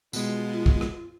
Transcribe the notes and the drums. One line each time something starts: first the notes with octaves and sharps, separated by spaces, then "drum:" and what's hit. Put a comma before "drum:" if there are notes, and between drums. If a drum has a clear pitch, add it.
B2 G#3 F4, drum: tambourine
drum: kick
drum: rim click